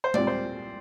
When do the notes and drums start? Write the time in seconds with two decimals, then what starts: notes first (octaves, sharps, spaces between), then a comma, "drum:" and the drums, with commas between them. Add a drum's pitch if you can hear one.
0.04 C5
0.14 A#2 G3 C4 F4 D5, drum: tom G#3
0.27 C5